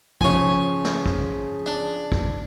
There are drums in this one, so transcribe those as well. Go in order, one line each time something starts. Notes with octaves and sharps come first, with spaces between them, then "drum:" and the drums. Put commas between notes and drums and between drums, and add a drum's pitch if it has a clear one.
C#3 F3 C#5 G#5, drum: kick
drum: snare
drum: kick
D4
drum: kick